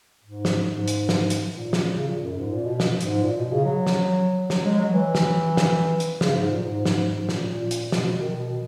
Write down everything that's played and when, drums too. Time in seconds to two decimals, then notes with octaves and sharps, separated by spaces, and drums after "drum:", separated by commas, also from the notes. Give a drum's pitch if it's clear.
0.24 G#2
0.45 drum: snare
0.67 G#2
0.88 drum: hi-hat
1.09 drum: snare
1.30 drum: hi-hat
1.52 A#2
1.73 drum: snare
1.95 C#3
2.08 A#2
2.23 F#2
2.37 G#2
2.51 A#2
2.65 B2
2.80 drum: snare
3.01 G#2, drum: hi-hat
3.23 A#2
3.37 B2
3.52 C#3
3.65 F#3
3.87 drum: snare
4.50 F#3, drum: snare
4.65 G#3
4.79 F#3
4.94 E3
5.15 drum: snare
5.57 drum: snare
6.00 drum: hi-hat
6.21 C#3, drum: snare
6.36 G#2
6.49 A#2
6.64 G#2
6.86 G#2, drum: snare
7.07 G#2
7.29 A#2, drum: snare
7.49 A#2
7.71 drum: hi-hat
7.92 B2, drum: snare
8.06 B2
8.21 D#3
8.36 B2